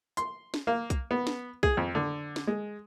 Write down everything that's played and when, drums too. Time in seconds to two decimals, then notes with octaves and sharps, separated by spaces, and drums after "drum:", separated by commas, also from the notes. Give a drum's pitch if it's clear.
0.17 C6, drum: hi-hat
0.54 drum: snare
0.67 A#3
0.90 drum: kick B1, hi-hat
1.11 B3
1.27 drum: snare
1.63 G#4, drum: kick B1
1.77 F2
1.95 D3
2.36 drum: snare
2.47 G#3